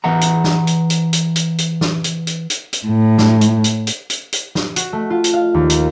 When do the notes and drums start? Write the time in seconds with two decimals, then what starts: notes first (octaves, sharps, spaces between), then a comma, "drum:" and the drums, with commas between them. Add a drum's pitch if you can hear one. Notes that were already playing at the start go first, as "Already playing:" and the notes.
0.04 E3 E5 F#5 A#5
0.21 drum: hi-hat
0.44 drum: snare
0.67 drum: hi-hat
0.90 drum: hi-hat
1.13 drum: hi-hat
1.36 drum: hi-hat
1.58 drum: hi-hat
1.81 drum: snare
2.04 drum: hi-hat
2.27 drum: hi-hat
2.50 drum: hi-hat
2.73 drum: hi-hat
2.87 A2
3.18 drum: snare
3.41 drum: hi-hat
3.64 drum: hi-hat
3.87 drum: hi-hat
4.10 drum: hi-hat
4.33 drum: hi-hat
4.55 drum: snare
4.76 F#4, drum: hi-hat
4.93 A3
5.10 F4
5.24 drum: hi-hat
5.33 F5
5.54 D#2
5.70 A#4, drum: hi-hat